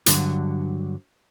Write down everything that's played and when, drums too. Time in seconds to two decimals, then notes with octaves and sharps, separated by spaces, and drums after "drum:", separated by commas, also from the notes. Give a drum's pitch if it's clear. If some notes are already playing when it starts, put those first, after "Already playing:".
0.06 G2 D3 F#3, drum: hi-hat